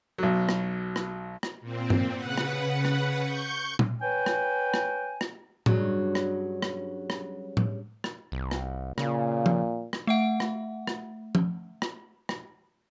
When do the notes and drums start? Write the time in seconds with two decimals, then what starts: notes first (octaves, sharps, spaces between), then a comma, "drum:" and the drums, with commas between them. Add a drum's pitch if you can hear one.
0.18 B1 F#3
0.49 drum: rim click
0.96 drum: rim click
1.43 drum: rim click
1.61 A#2 C4
1.90 drum: tom G2
2.14 C#3 B4 F#5
2.38 drum: rim click
2.85 drum: rim click
3.23 C#6 G6
3.79 drum: tom
4.01 B4 C#5 G5 G#5
4.26 drum: rim click
4.74 drum: rim click
5.21 drum: rim click
5.66 G2 C#3 F#3, drum: tom A2
6.15 drum: rim click
6.62 drum: rim click
7.10 drum: rim click
7.57 drum: tom A2
8.04 drum: rim click
8.32 C2
8.51 drum: rim click
8.98 A#2 C#3, drum: rim click
9.46 drum: tom
9.93 drum: rim click
10.07 A3 E5 F#5
10.40 drum: rim click
10.87 drum: rim click
11.35 drum: tom
11.82 drum: rim click
12.29 drum: rim click